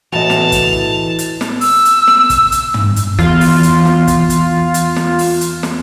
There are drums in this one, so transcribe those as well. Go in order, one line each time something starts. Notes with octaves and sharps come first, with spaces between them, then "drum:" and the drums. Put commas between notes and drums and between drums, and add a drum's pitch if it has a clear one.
A2 E3 F#4 D#5 A5 F7
drum: snare
drum: kick, hi-hat
drum: hi-hat
drum: snare
E6, drum: open hi-hat
drum: hi-hat
drum: snare
drum: kick, hi-hat
drum: hi-hat
drum: tom
drum: hi-hat
E2 F4, drum: snare
drum: open hi-hat
drum: hi-hat
drum: snare
drum: kick, hi-hat
drum: hi-hat
drum: hi-hat
drum: snare
drum: open hi-hat
drum: hi-hat
drum: snare